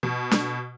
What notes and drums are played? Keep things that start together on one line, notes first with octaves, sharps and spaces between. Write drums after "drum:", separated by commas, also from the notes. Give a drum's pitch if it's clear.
B2
drum: snare D4